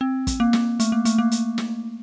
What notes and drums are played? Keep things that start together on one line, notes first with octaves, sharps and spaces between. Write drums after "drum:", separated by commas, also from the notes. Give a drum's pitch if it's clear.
C4
drum: kick, hi-hat
A#3
drum: snare
A3, drum: hi-hat
A#3
A3, drum: hi-hat
A#3
drum: hi-hat
drum: snare